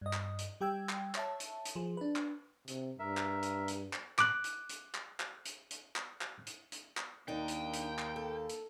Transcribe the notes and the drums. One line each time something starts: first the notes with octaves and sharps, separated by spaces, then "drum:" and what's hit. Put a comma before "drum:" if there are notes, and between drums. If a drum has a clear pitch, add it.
G2 D#5
drum: clap
drum: hi-hat
G3 G4 G5 E6 G#6
drum: clap
C#5 E5 A5, drum: clap
drum: hi-hat
drum: hi-hat
F3 G#4
D4 B4
drum: clap
C3, drum: hi-hat
G2 A#4 E5
drum: clap
drum: hi-hat
drum: hi-hat
drum: clap
D6 F#6, drum: clap
drum: hi-hat
drum: hi-hat
drum: clap
drum: clap
drum: hi-hat
drum: hi-hat
drum: clap
drum: clap
drum: hi-hat
drum: hi-hat
drum: clap
D#2 A#3 D4 D#4 G5
drum: hi-hat
drum: hi-hat
drum: clap
A4
drum: hi-hat